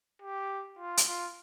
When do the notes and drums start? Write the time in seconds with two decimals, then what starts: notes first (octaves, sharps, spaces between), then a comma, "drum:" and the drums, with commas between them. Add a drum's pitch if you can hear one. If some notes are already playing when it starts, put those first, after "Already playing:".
0.22 G4
0.79 F4
0.97 drum: hi-hat
1.08 F4